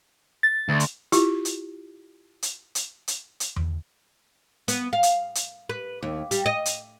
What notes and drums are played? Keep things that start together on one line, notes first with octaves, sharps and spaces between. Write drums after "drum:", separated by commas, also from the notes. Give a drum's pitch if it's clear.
A6
D2
drum: hi-hat
E4 F4 G4, drum: hi-hat
drum: hi-hat
drum: hi-hat
drum: hi-hat
drum: hi-hat
drum: hi-hat
drum: tom E2
B3, drum: hi-hat
F5
drum: hi-hat
drum: hi-hat
B4
D#2
G3, drum: hi-hat
D#5
drum: hi-hat